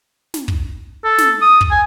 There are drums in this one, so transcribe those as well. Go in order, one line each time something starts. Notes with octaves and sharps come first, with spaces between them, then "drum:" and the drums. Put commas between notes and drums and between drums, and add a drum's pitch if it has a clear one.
drum: snare
drum: kick
A4
drum: snare
D#6
drum: kick
G#5